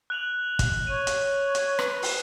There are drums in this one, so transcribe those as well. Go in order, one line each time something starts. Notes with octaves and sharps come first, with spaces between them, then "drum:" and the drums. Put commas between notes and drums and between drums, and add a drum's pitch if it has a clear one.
F#6 F7 F#7
drum: kick, hi-hat
C#5 D#7
drum: hi-hat
drum: hi-hat
B4, drum: rim click
drum: open hi-hat